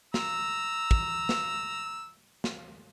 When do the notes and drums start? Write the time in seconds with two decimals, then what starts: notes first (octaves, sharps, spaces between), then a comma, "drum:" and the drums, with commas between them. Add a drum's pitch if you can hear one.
0.14 A#5 E6, drum: snare
0.91 drum: kick
1.29 drum: snare
2.44 drum: snare